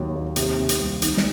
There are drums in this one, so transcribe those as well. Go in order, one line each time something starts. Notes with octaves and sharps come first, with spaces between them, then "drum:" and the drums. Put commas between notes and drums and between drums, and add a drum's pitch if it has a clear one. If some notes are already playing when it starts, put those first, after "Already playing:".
Already playing: D#2 F#3
D#2
C3, drum: hi-hat
C3
drum: hi-hat
C2
D#3, drum: hi-hat
drum: snare